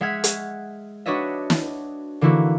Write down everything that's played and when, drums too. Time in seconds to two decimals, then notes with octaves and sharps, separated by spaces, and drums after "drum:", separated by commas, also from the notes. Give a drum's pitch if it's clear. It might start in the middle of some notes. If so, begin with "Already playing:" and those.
0.01 G#3 E5 F#5 F6 G#6 B6
0.24 drum: hi-hat
1.06 D4 F#4 B4 C#5 D#5 E5
1.50 drum: snare
2.21 D3 E3 A#3 E4 F#4